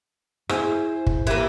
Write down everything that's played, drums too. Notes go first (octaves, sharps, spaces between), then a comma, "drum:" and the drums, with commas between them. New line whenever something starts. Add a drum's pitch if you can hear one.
E4 G#4 C5, drum: rim click
drum: kick
E3 A#3 G4